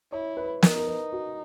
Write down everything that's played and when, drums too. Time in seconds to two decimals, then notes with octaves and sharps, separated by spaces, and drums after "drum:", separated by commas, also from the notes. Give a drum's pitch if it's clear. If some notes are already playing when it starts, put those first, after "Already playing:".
0.12 E4 C#5
0.37 B4
0.62 D#4 A#4, drum: snare
0.77 A#4
0.87 B4
1.13 F#4